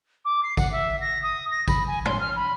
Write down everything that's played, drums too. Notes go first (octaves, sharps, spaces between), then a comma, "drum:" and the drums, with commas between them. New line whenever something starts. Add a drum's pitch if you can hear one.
D6
C7
F#5, drum: kick G#1, tambourine
E5
A#6
D#6
A#6
B5, drum: kick G#1, tambourine
G#5
C6, drum: tom
F6
B5